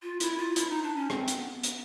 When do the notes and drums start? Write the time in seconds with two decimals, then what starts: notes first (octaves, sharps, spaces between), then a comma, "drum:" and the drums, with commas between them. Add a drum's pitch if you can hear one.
0.02 F4
0.20 E4, drum: hi-hat
0.38 F4
0.56 E4, drum: hi-hat
0.70 D#4
0.83 D4
0.96 C#4
1.10 C4, drum: rim click
1.28 drum: hi-hat
1.37 B3
1.63 drum: hi-hat